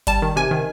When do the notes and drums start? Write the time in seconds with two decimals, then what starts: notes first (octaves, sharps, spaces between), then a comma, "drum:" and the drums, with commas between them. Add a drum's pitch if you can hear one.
0.07 G3 A5, drum: kick G1, hi-hat
0.22 D#3
0.36 C3 G#5
0.51 D#3